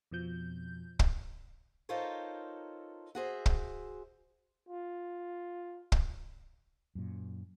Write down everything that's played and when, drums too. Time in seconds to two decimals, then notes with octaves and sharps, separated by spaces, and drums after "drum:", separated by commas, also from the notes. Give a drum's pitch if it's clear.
0.11 F2 B2 F3 G6
0.99 drum: kick
1.89 D#4 F4 A4 A#4 C5 C#5
3.15 F#4 G#4 C5 E5
3.46 drum: kick
4.69 F4
5.92 drum: kick
6.95 F#2 A#2